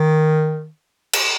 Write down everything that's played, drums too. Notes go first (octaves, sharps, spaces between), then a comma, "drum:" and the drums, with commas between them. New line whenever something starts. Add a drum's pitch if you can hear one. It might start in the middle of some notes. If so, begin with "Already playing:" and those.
Already playing: D#3
drum: cymbal